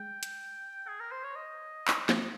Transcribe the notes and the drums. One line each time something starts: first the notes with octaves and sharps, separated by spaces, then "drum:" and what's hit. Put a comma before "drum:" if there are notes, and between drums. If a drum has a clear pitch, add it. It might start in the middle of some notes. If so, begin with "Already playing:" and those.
Already playing: G#3 G5
drum: hi-hat
G#4
A#4
C5
C#5
D#5
drum: clap
F3, drum: snare